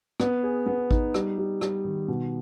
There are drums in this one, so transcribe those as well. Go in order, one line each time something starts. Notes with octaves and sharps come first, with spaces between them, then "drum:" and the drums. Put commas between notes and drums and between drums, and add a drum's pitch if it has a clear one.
B3, drum: rim click
G#4
B3
D#4, drum: kick A1
G3, drum: rim click
G3
G3, drum: rim click
D#3
B2